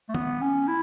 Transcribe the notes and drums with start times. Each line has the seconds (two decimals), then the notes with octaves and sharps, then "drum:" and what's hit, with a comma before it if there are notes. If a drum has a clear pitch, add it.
0.09 A3
0.14 B3, drum: tom D#3
0.41 C#4
0.67 E4